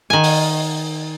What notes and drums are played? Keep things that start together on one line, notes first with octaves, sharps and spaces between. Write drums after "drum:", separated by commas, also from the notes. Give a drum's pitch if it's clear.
D#3 G#5
drum: open hi-hat